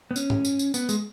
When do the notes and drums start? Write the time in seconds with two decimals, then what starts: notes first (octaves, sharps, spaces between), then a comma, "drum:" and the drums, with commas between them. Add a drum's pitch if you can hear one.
0.11 B3
0.16 C#4, drum: tambourine
0.30 drum: tom G2
0.45 drum: tambourine
0.59 drum: tambourine
0.74 B3, drum: tambourine
0.89 G#3, drum: tambourine